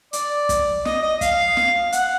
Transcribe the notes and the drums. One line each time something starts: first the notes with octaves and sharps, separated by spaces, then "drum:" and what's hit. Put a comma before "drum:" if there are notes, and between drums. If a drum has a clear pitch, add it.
D5, drum: hi-hat
drum: kick, hi-hat
D#5, drum: snare
D#5
F5, drum: kick, hi-hat
drum: snare
F#5, drum: hi-hat